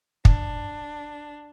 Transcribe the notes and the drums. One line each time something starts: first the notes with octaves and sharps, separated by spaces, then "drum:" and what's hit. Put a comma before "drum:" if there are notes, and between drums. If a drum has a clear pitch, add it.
D4, drum: kick